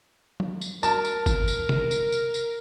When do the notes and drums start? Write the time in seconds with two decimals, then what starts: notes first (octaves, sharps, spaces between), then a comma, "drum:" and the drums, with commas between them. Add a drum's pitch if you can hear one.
0.40 drum: tom F#3
0.61 drum: tambourine
0.83 A#4 A5, drum: tambourine
1.05 drum: tambourine
1.26 drum: kick G#1, tambourine
1.48 drum: tambourine
1.69 drum: tom C3
1.91 drum: tambourine
2.12 drum: tambourine
2.34 drum: tambourine